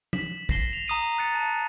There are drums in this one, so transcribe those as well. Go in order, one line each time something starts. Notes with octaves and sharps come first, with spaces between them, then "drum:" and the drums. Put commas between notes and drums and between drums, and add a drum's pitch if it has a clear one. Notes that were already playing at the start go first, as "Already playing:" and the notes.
B6 E7 F#7, drum: tom
A#6 C7 E7 G7, drum: kick
F7
A#5 D#6 D#7
F#6 A6 C#7
A5